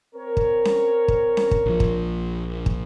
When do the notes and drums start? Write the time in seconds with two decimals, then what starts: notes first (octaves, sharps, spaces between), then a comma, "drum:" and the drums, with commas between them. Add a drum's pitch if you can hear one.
0.15 C4 A#4 C#5
0.37 drum: kick
0.65 drum: snare C#4
1.08 drum: kick
1.37 drum: snare C#4
1.51 drum: kick
1.66 A#1 F3
1.80 drum: kick
2.66 drum: kick